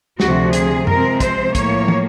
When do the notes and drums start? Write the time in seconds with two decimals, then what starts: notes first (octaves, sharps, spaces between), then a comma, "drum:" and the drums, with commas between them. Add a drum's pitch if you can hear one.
0.20 D2 C3 F3 F#4, drum: snare
0.53 G#4, drum: hi-hat
0.87 C3 F3 G#3 C4 A#4, drum: tom F#2
1.20 C5, drum: kick, hi-hat
1.55 A2 F3 A#3 C#5, drum: kick, hi-hat
1.88 drum: tom